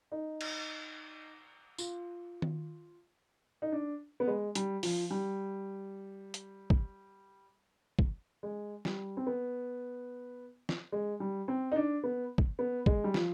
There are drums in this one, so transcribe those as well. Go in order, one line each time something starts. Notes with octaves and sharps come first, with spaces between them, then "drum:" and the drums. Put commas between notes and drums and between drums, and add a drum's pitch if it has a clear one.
D#4
drum: cymbal
F4, drum: tambourine
drum: tom D#3
D#4
D4
B3
G#3
G3, drum: hi-hat
F3, drum: open hi-hat
G3
drum: hi-hat
drum: kick
drum: kick
G#3
G3, drum: snare
C4
B3
drum: snare
G#3
G3
C4
D#4
D4
B3
drum: kick
B3
G#3, drum: kick
G3
F3, drum: snare